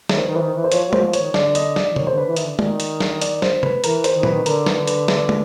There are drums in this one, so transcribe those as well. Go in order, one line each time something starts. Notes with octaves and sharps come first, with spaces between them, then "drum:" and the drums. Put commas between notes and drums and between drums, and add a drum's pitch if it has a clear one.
D#3 C#5, drum: snare
C5
D#3 B4
E3 C5
D#3
E3
C5
F3 C#5, drum: hi-hat
F#3
C5, drum: tom
F#3
F3
C#5, drum: hi-hat
D#3
D3 D5, drum: snare
D#5, drum: hi-hat
D5, drum: snare
E3
D#3 C#5, drum: tom
C5
D3 B4
E3
D#3 E5, drum: hi-hat
D3
D#3 D5, drum: tom
drum: hi-hat
drum: snare
D5, drum: hi-hat
C5, drum: snare
B4, drum: tom
E3 A#4, drum: hi-hat
C5, drum: hi-hat
D#3
E3 B4, drum: tom
D#3
D3 A#4, drum: hi-hat
D#3 B4, drum: snare
D3
B4, drum: hi-hat
B4, drum: snare
drum: tom